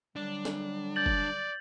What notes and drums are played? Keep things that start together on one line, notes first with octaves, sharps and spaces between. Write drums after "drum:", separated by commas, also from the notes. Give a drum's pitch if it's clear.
D3 F#3 G3 D4
drum: snare
D5 G6 A6 F#7
drum: kick